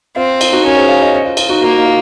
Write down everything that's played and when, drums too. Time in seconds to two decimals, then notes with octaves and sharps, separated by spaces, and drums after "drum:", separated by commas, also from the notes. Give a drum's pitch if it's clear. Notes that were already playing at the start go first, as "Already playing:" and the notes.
0.16 C4 F4
0.41 F4, drum: cymbal
0.52 D#4 F#4
0.65 C#4 F#4 A#4
0.77 G#4 C5
0.89 C#5 F5
1.02 C5 D#5
1.13 C5 D#5
1.25 F4
1.37 F4, drum: cymbal
1.49 D#4 F#4
1.62 A#3 F#4 A#4
1.77 D#4
1.85 F4